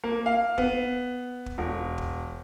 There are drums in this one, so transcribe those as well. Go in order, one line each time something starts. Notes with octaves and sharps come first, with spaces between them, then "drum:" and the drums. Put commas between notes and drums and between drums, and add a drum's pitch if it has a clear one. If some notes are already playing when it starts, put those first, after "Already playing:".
A#3
F5
B3, drum: kick
drum: kick
E1
drum: kick